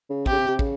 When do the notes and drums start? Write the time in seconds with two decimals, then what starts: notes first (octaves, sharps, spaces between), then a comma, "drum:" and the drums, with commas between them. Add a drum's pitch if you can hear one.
0.10 C#3
0.26 C3 G4, drum: kick
0.32 C#3
0.37 C3
0.48 C3
0.59 C#3, drum: kick